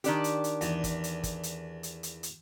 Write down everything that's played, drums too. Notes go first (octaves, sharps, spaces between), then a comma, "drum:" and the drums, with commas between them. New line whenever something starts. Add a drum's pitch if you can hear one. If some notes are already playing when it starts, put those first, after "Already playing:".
D#3 D4 G4, drum: hi-hat
drum: hi-hat
drum: hi-hat
E2, drum: hi-hat
drum: kick, hi-hat
drum: hi-hat
drum: kick, hi-hat
drum: hi-hat
drum: hi-hat
drum: hi-hat
drum: hi-hat